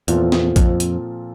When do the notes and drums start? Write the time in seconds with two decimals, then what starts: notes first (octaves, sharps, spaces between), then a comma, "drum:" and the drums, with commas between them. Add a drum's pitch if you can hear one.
0.08 E2 A#2 F3 C4 F4 A4, drum: hi-hat
0.32 drum: snare C4
0.56 F2, drum: kick A#1, hi-hat
0.80 drum: hi-hat